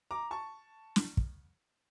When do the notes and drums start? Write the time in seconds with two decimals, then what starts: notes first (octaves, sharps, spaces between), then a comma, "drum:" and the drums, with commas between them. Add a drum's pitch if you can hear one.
0.11 A#5 D6
0.31 A5 C#6
0.96 drum: snare
1.17 drum: kick